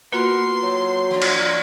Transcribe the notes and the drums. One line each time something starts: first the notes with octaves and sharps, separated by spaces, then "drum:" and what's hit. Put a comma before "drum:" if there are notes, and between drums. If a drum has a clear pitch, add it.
A#3 B3 F4 F#4 A#4 C6
A2 F#3
E3 D4
drum: cymbal